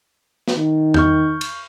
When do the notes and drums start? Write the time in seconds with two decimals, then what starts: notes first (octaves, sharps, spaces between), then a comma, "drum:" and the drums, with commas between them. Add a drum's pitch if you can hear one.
0.48 drum: snare
0.57 D#3
0.94 C#6 F6 G6, drum: tom E2
1.41 drum: cymbal